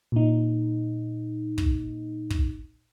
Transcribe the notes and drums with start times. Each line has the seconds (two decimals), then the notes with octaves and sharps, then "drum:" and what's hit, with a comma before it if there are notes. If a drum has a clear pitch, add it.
0.12 A#2 D#4
1.58 drum: kick
2.30 drum: kick